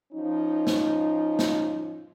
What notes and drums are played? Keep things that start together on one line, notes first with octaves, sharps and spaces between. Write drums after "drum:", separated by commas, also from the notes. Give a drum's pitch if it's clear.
F3 C#4 D#4
drum: snare
drum: snare